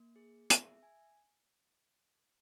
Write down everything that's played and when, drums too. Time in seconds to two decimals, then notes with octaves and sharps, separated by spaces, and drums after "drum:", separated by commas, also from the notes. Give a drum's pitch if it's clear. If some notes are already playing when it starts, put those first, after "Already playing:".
Already playing: A#3
0.16 G#4
0.50 E5, drum: hi-hat
0.83 G#5